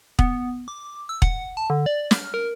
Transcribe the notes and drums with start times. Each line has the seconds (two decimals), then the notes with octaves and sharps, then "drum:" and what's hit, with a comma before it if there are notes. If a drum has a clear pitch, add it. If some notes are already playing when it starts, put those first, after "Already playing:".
0.19 B3, drum: kick E1
0.68 D6
1.09 E6
1.22 F#5, drum: kick E1
1.57 A5
1.70 D3
1.86 D5
2.11 F6, drum: snare
2.34 A#4